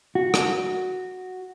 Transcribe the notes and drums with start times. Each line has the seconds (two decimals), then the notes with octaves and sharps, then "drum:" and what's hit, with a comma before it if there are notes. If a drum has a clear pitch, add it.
0.15 F#4
0.34 drum: rim click